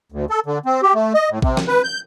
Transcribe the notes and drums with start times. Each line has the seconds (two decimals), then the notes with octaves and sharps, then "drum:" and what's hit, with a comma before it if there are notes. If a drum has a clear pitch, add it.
0.12 D2
0.30 A4
0.46 D3
0.65 C4
0.83 G4
0.94 A3
1.14 D#5
1.30 A2
1.42 C3, drum: kick A1
1.57 drum: snare
1.68 B4
1.84 G6